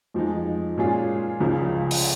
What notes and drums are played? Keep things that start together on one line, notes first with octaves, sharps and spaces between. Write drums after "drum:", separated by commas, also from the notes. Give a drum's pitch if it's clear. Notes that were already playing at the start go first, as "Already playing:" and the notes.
F2 F3 G#3 D#4
A#2 G#3 C#4 F4 G#4
C#2 C#3 F3
drum: open hi-hat